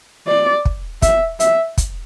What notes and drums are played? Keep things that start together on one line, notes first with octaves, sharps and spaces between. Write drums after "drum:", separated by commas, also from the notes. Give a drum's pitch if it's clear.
D5
drum: kick
E5, drum: kick, hi-hat
E5, drum: hi-hat
drum: kick, hi-hat